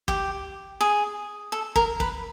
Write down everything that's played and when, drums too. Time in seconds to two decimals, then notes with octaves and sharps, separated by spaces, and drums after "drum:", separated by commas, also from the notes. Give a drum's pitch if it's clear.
0.08 G4, drum: kick
0.81 G#4
1.52 A4
1.76 A#4, drum: kick
2.00 B4, drum: kick